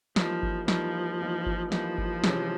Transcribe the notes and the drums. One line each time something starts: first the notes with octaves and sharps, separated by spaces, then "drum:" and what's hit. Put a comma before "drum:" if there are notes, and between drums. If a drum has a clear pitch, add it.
E3 F3 G3 A#3 D#4, drum: snare
drum: kick G1
E3 F3 G3 A#3 D#4, drum: snare
E3 G3 A#3 D#4
drum: kick G1
E3 F3 G3 A#3 D#4, drum: snare
drum: kick G1
C3 E3 G#3 C#4, drum: snare